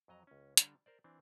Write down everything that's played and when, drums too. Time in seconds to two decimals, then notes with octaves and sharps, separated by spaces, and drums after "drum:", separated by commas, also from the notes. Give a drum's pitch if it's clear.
0.08 F2 F#3 D#5 A#5
0.27 C#2 C#4
0.57 D3 G3 D4, drum: hi-hat
0.86 A#4 C5 D5
1.04 E3 C4 D4